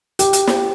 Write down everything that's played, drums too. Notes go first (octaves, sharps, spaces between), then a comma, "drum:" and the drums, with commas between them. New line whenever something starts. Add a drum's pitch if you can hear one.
G4, drum: hi-hat
drum: hi-hat
drum: snare